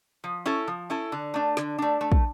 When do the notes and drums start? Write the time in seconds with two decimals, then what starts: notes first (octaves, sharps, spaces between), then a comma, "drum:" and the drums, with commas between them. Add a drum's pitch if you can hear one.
0.24 F3
0.46 C#4 E4 A4
0.68 F3
0.90 C#4 E4 A4
1.12 D3
1.34 A3 D4
1.57 D3, drum: snare
1.78 A3 D4
2.01 A3
2.12 drum: kick